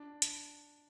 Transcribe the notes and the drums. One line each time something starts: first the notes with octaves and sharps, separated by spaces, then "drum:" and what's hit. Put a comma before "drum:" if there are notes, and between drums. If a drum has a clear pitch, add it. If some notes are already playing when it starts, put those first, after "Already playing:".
Already playing: D4
drum: hi-hat